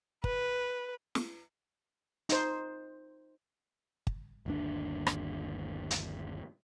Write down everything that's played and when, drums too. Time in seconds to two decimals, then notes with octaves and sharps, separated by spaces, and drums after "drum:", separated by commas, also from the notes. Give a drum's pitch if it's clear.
0.24 B4, drum: kick
1.15 drum: snare
2.29 D#4 C5, drum: hi-hat
4.07 drum: kick
4.46 G1 D#2 D4
5.07 drum: rim click
5.91 drum: hi-hat